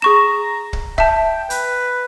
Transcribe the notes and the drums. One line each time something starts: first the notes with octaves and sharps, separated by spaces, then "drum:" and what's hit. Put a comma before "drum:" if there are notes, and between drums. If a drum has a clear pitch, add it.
G#4 A#5 C#6 E7
drum: kick
E5 G5 A5, drum: kick
B4, drum: hi-hat